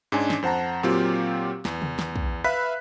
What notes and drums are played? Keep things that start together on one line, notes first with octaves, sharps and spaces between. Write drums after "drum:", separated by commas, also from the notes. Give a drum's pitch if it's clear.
G#2 G#3 C#4 D4 G#5
drum: snare
F2 C5 F#5 A5 A#5
A#2 F#3 C4 F4 G4 F5
E2, drum: snare
drum: tom C3
drum: snare
drum: kick
B4 E5 F5 B5 F#6 B6